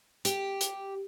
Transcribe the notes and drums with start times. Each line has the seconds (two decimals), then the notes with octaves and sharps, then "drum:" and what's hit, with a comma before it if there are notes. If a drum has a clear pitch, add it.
0.25 G4, drum: hi-hat
0.61 drum: hi-hat